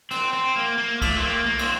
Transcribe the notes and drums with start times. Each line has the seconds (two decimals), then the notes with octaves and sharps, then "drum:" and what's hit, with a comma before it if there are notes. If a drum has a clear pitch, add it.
0.11 C4, drum: cymbal
0.33 C4
0.56 A#3
0.78 A#3
1.02 A3, drum: kick C2, cymbal
1.17 C4
1.23 A#3
1.46 A#3
1.59 C4, drum: cymbal